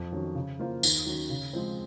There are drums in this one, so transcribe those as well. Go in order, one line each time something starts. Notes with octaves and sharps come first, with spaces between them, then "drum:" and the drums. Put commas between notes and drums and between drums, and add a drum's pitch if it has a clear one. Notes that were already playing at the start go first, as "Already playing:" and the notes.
Already playing: F2
D#3 F#3 C#4
C#3
F3 A#3 F4 C5
D#2, drum: tambourine
D#3 F#3 C#4
C#3
F3 G#3 C4